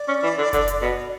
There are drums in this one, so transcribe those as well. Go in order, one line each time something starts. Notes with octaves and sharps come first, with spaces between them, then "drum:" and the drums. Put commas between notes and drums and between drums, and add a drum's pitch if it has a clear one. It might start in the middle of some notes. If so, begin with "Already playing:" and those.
Already playing: D5
C#4
E3
D3
D3, drum: kick F#1, hi-hat
drum: hi-hat
B2